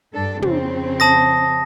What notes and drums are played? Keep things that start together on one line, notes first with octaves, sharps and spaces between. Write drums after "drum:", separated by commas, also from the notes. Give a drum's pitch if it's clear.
G2 D4 A4
F2 C#3 C4, drum: tom
A5 D#6 A#6